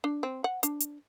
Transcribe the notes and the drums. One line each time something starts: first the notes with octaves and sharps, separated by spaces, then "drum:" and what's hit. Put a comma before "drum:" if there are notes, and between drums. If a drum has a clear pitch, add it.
D4
C4
F#5
D4, drum: hi-hat
drum: hi-hat